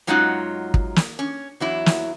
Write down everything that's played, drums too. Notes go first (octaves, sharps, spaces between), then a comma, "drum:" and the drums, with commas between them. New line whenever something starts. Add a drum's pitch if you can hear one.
F#2 F#3 G#3 D#4 F4 F#5
drum: kick
drum: snare
C#4
E2 F#3 E4
drum: snare